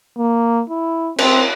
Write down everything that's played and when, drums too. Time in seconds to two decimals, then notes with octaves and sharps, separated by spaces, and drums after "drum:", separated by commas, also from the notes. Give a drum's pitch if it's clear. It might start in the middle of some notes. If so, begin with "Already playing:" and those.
0.18 A#3
0.70 E4
1.18 C4, drum: cymbal